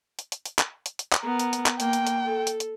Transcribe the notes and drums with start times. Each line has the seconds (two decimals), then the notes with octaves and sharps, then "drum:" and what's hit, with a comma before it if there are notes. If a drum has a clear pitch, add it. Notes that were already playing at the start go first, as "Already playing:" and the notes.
0.19 drum: hi-hat
0.32 drum: hi-hat
0.45 drum: hi-hat
0.59 drum: clap
0.86 drum: hi-hat
0.99 drum: hi-hat
1.13 drum: clap
1.23 B3 A#4
1.39 drum: hi-hat
1.53 drum: hi-hat
1.66 drum: clap
1.80 A#3 G5, drum: hi-hat
1.93 drum: hi-hat
2.07 drum: hi-hat
2.25 A4
2.47 drum: hi-hat
2.60 drum: hi-hat